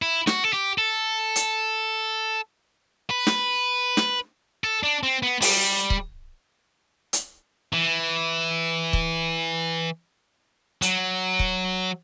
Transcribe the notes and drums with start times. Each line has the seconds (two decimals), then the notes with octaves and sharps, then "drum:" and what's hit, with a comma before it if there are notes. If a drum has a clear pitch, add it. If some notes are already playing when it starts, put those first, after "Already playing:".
0.02 E4
0.27 F#4, drum: snare
0.44 A4
0.53 G4
0.78 A4
1.36 drum: hi-hat
3.10 B4
3.27 drum: snare
3.97 drum: snare
4.64 A4
4.83 D4
5.03 C4
5.23 B3
5.42 G3, drum: open hi-hat
5.90 drum: kick
7.13 drum: hi-hat
7.73 E3
8.93 drum: kick
10.82 F#3, drum: hi-hat
11.39 drum: kick